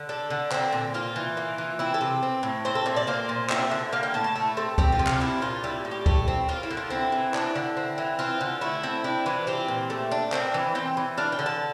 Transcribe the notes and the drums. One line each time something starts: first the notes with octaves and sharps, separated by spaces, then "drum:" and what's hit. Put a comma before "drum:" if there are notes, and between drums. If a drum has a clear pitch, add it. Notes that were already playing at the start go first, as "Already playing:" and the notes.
Already playing: D3
D4 A4
D3
C4, drum: clap
A#2
A#3 F4
E3
A#3
E3
C4 E4
A4
C3
C4
A2
C4 C5
A4
A#2 E5
D5
A#3 C5
A#2
C4 E5, drum: clap
D3
A#3 F5
G5
A2 A5
A5
A3
C4 A4
C4 G4, drum: kick C#2
F4
C3
F4, drum: clap
D4 E4
A#2 F4
G3 E4
A2
G4
A3 G4, drum: kick C#2
C4
A#3 F4
E4
D3
F4
C4 E4
E3
D4, drum: clap
D3
C4
E3
C4 F4
D3
A3 E4
C4
D4 E4
E3 F4
C4 G4
A#2
A3
D4
C4 A#4, drum: clap
E3
C4 G5
E3
D4 F5
G5
D3
A5